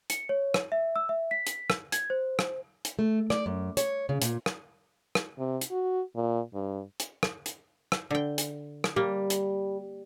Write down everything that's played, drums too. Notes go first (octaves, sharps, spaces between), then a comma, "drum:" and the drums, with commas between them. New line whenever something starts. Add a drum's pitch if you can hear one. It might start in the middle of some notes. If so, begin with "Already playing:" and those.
C#7, drum: hi-hat
C#5
drum: rim click
E5
E6
E5
B6
drum: hi-hat
drum: rim click
G#6, drum: hi-hat
C5
drum: rim click
drum: hi-hat
A3
D5, drum: rim click
F#2
C#5, drum: hi-hat
C#3
A#2, drum: hi-hat
drum: rim click
drum: rim click
C3
drum: hi-hat
F#4
A#2
G2
drum: hi-hat
drum: rim click
drum: hi-hat
drum: rim click
D3 G5
drum: hi-hat
drum: rim click
G3 A#3
drum: hi-hat